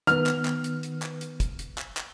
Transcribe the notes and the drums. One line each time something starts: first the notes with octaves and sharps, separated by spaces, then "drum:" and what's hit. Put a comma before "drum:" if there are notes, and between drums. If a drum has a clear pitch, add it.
D#3 B3 F6, drum: hi-hat
drum: clap
drum: clap
drum: hi-hat
drum: hi-hat
drum: clap
drum: hi-hat
drum: kick, hi-hat
drum: hi-hat
drum: clap
drum: clap